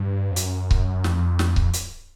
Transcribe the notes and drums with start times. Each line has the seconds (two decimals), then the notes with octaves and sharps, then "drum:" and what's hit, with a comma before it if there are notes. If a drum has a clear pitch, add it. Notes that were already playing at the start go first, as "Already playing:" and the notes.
Already playing: G2
0.32 F2
0.36 F#2, drum: hi-hat
0.71 drum: kick C#1
1.04 F2, drum: snare
1.39 drum: snare
1.56 drum: kick C#1
1.73 drum: hi-hat